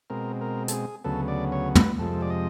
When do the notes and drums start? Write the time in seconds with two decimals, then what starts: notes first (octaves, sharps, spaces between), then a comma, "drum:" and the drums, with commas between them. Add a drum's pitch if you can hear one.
0.10 B2 G#3 C4 A#4
0.41 A#4
0.68 A4, drum: hi-hat
0.74 G#4
1.04 D2 C#3 F#3 B3 A4
1.28 D5
1.52 C#5
1.75 B4, drum: tom
1.98 F2 C3 F3 G#3 A4
2.22 D5
2.30 D#5